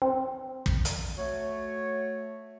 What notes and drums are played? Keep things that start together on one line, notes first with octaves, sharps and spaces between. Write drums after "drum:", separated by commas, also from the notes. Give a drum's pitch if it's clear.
C4
drum: kick
drum: hi-hat
A3 F#4 C#5